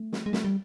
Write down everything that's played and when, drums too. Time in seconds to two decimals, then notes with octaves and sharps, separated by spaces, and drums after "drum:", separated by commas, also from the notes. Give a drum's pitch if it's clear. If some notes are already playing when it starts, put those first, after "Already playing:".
Already playing: A3
0.13 drum: snare
0.26 G#3
0.33 A3, drum: snare
0.44 G3